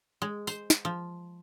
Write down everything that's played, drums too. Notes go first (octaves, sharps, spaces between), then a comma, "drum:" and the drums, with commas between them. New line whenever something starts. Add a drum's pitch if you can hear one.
G#3
C5, drum: tambourine
drum: snare
F3